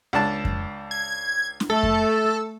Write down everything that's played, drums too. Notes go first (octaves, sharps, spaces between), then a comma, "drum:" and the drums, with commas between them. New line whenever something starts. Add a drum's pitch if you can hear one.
C#2 D4 A5
drum: kick F2
G#6
drum: snare
A3 A4
drum: kick F2